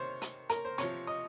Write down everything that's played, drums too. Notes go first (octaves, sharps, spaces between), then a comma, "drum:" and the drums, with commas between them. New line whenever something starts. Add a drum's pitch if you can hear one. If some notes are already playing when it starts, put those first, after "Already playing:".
Already playing: C3 D#3 C5 C#5
drum: hi-hat
A#4, drum: hi-hat
C5
C3 F3 C#5, drum: hi-hat
D#5